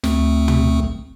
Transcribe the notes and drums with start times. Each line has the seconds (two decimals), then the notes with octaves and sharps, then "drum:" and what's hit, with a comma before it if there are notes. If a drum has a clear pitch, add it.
0.04 D2 A3 C4, drum: snare
0.48 drum: tom
0.83 drum: kick